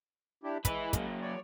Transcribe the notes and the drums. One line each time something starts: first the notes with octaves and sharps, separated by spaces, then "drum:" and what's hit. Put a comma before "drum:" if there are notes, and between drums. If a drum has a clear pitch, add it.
D4 E4 G4
G#3 E4 B4, drum: kick, hi-hat
F#3 A#3, drum: kick, hi-hat
C#5 D5